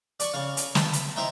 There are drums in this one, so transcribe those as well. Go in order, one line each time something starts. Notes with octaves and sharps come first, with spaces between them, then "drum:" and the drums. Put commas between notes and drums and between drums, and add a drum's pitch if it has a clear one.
D5 C#6, drum: hi-hat
C#3 F5
drum: hi-hat
A5 B5, drum: snare
drum: hi-hat
D#4 C5 D#5 E5 G5 A#5